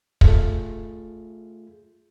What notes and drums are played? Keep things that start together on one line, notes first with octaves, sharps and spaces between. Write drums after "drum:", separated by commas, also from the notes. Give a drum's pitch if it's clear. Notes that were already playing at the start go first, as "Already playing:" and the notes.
A3 F4 G#4, drum: kick